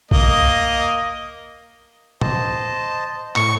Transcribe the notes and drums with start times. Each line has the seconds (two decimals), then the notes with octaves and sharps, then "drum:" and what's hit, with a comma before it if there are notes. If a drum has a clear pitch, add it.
0.11 A#3 D#5, drum: kick A#1
2.21 C5 D#5 A5, drum: tom A2
3.36 A2 C#6, drum: clap